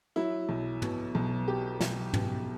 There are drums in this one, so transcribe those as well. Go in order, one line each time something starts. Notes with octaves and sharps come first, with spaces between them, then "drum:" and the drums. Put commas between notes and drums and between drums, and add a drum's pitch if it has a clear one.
F#3 E4
B1
B2, drum: tom
B1
F#3 G4
B1, drum: snare
B2, drum: tom